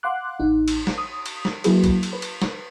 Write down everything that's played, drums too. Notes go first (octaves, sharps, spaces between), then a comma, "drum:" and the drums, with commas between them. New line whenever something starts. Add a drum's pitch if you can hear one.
F5 F#5 C6 D6 F#6
A1 D#4
drum: cymbal
drum: snare
D#6
drum: cymbal
drum: snare
F#3 A#3 E4 F#4 G#4 B4, drum: cymbal
drum: kick A#1, cymbal
drum: cymbal
B4
drum: cymbal
drum: snare